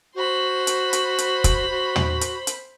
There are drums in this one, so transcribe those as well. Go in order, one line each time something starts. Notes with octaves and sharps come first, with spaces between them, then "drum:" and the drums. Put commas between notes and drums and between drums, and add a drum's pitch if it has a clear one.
F#4 C5 B5
drum: hi-hat
drum: hi-hat
drum: hi-hat
drum: kick, hi-hat
F#4
drum: tom
drum: hi-hat
drum: hi-hat